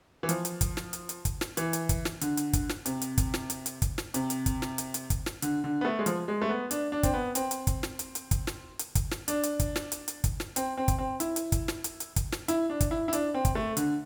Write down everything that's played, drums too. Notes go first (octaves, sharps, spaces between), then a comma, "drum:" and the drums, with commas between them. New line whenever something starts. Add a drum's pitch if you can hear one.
E3
F3, drum: hi-hat
drum: hi-hat
drum: kick, hi-hat
drum: snare
drum: hi-hat
drum: hi-hat
drum: kick, hi-hat
drum: snare
E3, drum: hi-hat
drum: hi-hat
drum: kick, hi-hat
drum: snare
D3, drum: hi-hat
drum: hi-hat
drum: kick, hi-hat
drum: snare
C3, drum: hi-hat
drum: hi-hat
drum: kick, hi-hat
drum: snare
drum: hi-hat
drum: hi-hat
drum: kick, hi-hat
drum: snare
C3, drum: hi-hat
drum: hi-hat
drum: kick, hi-hat
drum: snare
drum: hi-hat
drum: hi-hat
drum: kick, hi-hat
drum: snare
D3, drum: hi-hat
D3
B3
A3
G#3
F3, drum: hi-hat
G#3
A3
B3
D4, drum: hi-hat
D4
C4, drum: kick, hi-hat
B3
C4, drum: hi-hat
drum: hi-hat
drum: kick, hi-hat
drum: snare
drum: hi-hat
drum: hi-hat
drum: kick, hi-hat
drum: snare
drum: hi-hat
drum: kick, hi-hat
drum: snare
D4, drum: hi-hat
drum: hi-hat
drum: kick, hi-hat
drum: snare
drum: hi-hat
drum: hi-hat
drum: kick, hi-hat
drum: snare
C4, drum: hi-hat
C4
drum: kick, hi-hat
C4
E4, drum: hi-hat
drum: hi-hat
drum: kick, hi-hat
drum: snare
drum: hi-hat
drum: hi-hat
drum: kick, hi-hat
drum: snare
E4, drum: hi-hat
D4
drum: kick, hi-hat
E4
E4
D4, drum: hi-hat
C4
drum: kick, hi-hat
A3
D3, drum: hi-hat